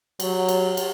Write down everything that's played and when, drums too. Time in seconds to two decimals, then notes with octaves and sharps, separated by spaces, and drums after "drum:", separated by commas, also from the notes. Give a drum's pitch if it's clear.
0.20 F#3, drum: cymbal
0.48 drum: cymbal
0.77 drum: cymbal